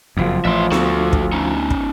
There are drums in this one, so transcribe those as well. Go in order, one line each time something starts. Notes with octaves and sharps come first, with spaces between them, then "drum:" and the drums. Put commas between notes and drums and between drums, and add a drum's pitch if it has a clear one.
F#1 F2 F3
A1 E5 C6
D2 F#4 A4, drum: snare B3
drum: kick
C#4 D#4
drum: kick